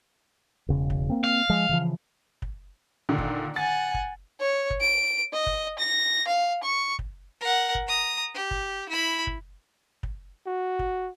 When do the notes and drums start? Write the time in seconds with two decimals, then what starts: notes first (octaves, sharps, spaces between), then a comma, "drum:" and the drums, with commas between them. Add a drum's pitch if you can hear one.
0.69 E1 C#3
0.90 drum: kick
1.10 A#3 C4
1.24 F5
1.49 F3 G#3
1.69 C#3 E3 F3
2.42 drum: kick
3.09 A#2 D3 D#3
3.18 drum: kick
3.56 F#5 G#5 A6
3.94 drum: kick
4.40 C#5
4.70 drum: kick
4.81 D7
5.33 D#5
5.47 drum: kick
5.78 A#6
6.27 F5
6.63 C#6
6.99 drum: kick
7.41 A#4 F#5
7.75 drum: kick
7.87 A#5 D#6
8.35 G4
8.51 drum: kick
8.89 E4 B5
9.27 drum: kick
10.03 drum: kick
10.47 F#4
10.79 drum: kick